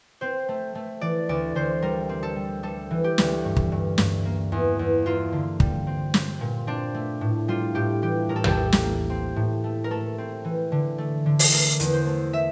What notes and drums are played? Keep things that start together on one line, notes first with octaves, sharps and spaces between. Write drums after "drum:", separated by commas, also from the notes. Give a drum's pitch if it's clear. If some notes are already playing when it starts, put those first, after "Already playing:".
C4 C5
A3
A3
E3 D5
D2 D5
D2 C5
G3 A#4
C4
A4
G3
G3 A4
E3
G4
D2, drum: snare
G2
drum: kick
G2
G2, drum: snare
A#3
E2
E2
A#3 F4
D3
G3, drum: kick
C4
C4, drum: snare
A#2
C4 D4
A3
A2
G3 F4
A2 G4
E3 G4
A2 A#4
A4
G4, drum: tom
A4
A2
drum: snare
A#3
C4
A2
A3
A#4
A3 A4
C4
E3
D3
A3
D3
drum: open hi-hat
A3 A#4
E2, drum: hi-hat
C5
A3
E5